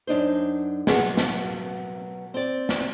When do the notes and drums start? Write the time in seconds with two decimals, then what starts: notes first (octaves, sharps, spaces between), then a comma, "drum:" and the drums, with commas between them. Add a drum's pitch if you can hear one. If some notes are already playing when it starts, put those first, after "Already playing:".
0.07 F#2 D4 D#4 C5
0.87 B2 F#3 A#3 B3 G#4, drum: snare
1.17 drum: snare
2.34 C4 D5
2.69 drum: snare